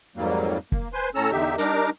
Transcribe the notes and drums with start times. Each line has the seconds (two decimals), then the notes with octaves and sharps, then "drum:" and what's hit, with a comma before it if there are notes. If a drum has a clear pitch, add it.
0.16 F2 G#2 F#3 G3 A#3
0.72 A#3, drum: kick
0.93 B4 C5 G#5 C6
1.15 A2 C#4 A4 A#5 E6
1.31 E2 D3 D#4 G4 E5
1.58 G3 D4 D#4 A#4 A#5 D6, drum: hi-hat